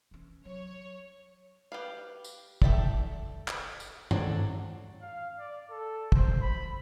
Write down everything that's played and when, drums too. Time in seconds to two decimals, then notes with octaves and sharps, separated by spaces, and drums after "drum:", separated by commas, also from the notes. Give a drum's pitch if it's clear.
0.11 E3 C#4
0.45 F#3 C#5
1.72 G4 B4 F5
2.24 drum: tambourine
2.62 D4 A4 E5 G5, drum: kick
3.48 drum: clap
3.80 drum: tambourine
4.11 F#3 C4 D4 A4 C#5, drum: tom G2
5.02 F5
5.39 D5
5.71 A4
6.12 C5, drum: kick
6.42 B5